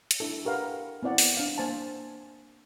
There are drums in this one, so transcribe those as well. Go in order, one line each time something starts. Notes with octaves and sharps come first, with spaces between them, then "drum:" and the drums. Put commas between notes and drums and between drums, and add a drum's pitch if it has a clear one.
drum: hi-hat
D4 E4 A4
G4 A#4 B4 F5 F#5
B3 C4 E4 D5 F#5
drum: open hi-hat
D4 F5
A#3 C5 G#5 A5